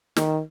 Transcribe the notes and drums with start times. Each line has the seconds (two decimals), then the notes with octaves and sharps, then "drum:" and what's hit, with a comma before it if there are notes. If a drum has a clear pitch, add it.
0.16 D#3, drum: snare